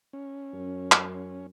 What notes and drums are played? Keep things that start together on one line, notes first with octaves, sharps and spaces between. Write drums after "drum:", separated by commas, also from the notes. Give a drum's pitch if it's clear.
C#4
F#2
drum: clap